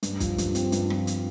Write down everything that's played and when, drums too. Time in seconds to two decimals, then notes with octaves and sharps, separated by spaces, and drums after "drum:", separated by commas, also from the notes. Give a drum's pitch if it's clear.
0.03 G2, drum: hi-hat
0.20 F3, drum: kick, hi-hat
0.38 G2, drum: hi-hat
0.55 C4, drum: hi-hat
0.72 G2, drum: hi-hat
0.90 F3, drum: rim click
1.07 drum: hi-hat